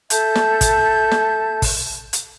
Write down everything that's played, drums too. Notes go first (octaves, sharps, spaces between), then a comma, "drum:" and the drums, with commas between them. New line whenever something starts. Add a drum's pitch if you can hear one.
A4 E5 A5 G6, drum: hi-hat
drum: snare
drum: kick, hi-hat
drum: snare
drum: kick, open hi-hat
drum: hi-hat